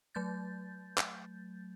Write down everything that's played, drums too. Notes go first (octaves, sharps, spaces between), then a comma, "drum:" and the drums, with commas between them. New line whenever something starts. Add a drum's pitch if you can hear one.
F#3 A3 G6 A6
drum: clap